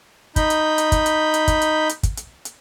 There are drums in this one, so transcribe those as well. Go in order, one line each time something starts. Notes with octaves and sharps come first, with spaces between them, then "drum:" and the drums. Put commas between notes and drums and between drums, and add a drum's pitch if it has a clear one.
D#4 B5 G6, drum: kick, hi-hat
drum: hi-hat
drum: hi-hat
drum: kick, hi-hat
drum: hi-hat
drum: hi-hat
drum: kick, hi-hat
drum: hi-hat
drum: hi-hat
drum: kick, hi-hat
drum: hi-hat
drum: hi-hat